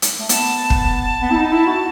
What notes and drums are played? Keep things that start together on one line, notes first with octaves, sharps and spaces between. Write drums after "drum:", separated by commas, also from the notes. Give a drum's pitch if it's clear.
drum: hi-hat
A3
B3 A5, drum: hi-hat
drum: kick
B3
E4
D#4
E4
F#4